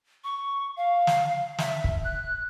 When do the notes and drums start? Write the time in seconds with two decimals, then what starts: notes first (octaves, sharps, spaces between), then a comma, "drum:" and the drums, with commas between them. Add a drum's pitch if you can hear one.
0.24 C#6
0.77 F5
1.07 drum: snare
1.58 E5, drum: snare
1.84 drum: kick
2.05 F#6